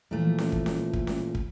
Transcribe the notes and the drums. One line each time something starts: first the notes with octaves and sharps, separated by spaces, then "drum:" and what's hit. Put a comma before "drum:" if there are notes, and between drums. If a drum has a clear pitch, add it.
A#2 E3 F3 A3
drum: snare C#4
drum: kick
drum: snare C#4
drum: kick
drum: snare C#4
drum: kick